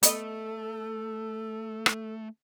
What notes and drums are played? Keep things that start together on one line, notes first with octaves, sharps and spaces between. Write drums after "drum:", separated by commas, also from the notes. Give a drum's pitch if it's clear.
A3 B3 A4 D#5, drum: hi-hat
drum: rim click